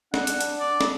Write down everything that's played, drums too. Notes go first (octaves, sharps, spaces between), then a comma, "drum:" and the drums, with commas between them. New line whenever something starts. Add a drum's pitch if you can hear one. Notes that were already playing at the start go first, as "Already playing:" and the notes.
D4 F#5, drum: snare
drum: hi-hat
drum: hi-hat
D5
drum: snare